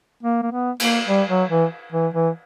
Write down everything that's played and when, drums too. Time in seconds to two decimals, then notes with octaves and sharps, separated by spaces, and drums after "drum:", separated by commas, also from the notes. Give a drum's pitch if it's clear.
0.23 A#3
0.42 A#3
0.51 B3
0.80 A#3, drum: cymbal
1.07 G3
1.29 F#3
1.50 E3
1.92 E3
2.14 E3